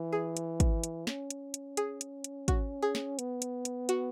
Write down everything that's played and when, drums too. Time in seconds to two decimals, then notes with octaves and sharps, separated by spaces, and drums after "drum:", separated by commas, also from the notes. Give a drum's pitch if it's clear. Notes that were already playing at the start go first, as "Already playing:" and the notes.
Already playing: E3
0.12 G#4
0.37 drum: hi-hat
0.60 drum: kick, hi-hat
0.84 drum: hi-hat
1.07 C#4, drum: snare
1.30 drum: hi-hat
1.54 drum: hi-hat
1.77 G#4, drum: hi-hat
2.01 drum: hi-hat
2.24 drum: hi-hat
2.48 F#4, drum: kick, hi-hat
2.82 G#4
2.95 drum: snare
3.19 B3, drum: hi-hat
3.42 drum: hi-hat
3.65 drum: hi-hat
3.89 F#4, drum: hi-hat